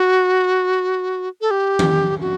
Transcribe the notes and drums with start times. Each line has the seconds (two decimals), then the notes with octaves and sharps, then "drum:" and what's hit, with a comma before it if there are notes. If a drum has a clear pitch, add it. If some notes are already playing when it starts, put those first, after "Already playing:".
Already playing: F#4
1.41 A4
1.51 G4
1.79 drum: tom D#3
2.21 F#4